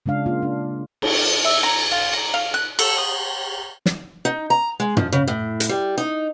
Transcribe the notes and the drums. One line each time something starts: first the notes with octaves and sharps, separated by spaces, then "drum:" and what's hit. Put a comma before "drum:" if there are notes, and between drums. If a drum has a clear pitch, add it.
C#3 G#3 D4 F5
A#3 F4
D4
drum: cymbal
E5
A#5
F4
A#5
F5
F#6
A4, drum: cymbal
D#6
drum: snare
D#4
A#5
G#3
F3, drum: tom
C#3
A2
drum: hi-hat
G3
D#4